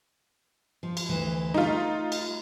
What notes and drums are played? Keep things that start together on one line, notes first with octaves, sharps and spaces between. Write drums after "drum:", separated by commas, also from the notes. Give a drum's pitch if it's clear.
F3
drum: cymbal
D2 E3
A3 D#4 F4
drum: cymbal